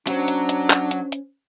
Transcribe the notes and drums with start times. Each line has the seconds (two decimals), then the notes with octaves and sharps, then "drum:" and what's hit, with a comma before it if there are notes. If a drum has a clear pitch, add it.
0.07 F#3 C#4 D4 C5, drum: hi-hat
0.28 drum: hi-hat
0.49 drum: hi-hat
0.70 drum: clap
0.91 drum: hi-hat
1.12 drum: hi-hat